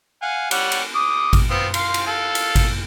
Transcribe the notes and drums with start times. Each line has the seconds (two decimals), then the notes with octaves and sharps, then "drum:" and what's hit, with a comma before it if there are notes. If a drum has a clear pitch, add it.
0.22 F5 F#5 G#5
0.51 G3 C#5 F#5, drum: cymbal
0.72 drum: cymbal
0.95 D6 D#6
1.33 drum: kick G#1, cymbal
1.50 B3 C4 F4
1.74 F5 C6, drum: cymbal
1.94 drum: cymbal
2.07 A4 F5
2.35 drum: cymbal
2.55 drum: kick G#1, cymbal